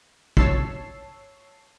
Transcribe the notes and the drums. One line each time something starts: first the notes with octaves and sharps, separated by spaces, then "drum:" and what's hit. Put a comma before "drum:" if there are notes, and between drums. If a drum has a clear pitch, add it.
C#5 A5 E6 C7, drum: kick